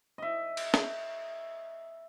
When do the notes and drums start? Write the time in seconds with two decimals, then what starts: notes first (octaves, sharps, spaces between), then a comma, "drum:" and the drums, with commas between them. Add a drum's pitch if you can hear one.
0.18 D#5 E5
0.57 drum: cymbal
0.74 drum: snare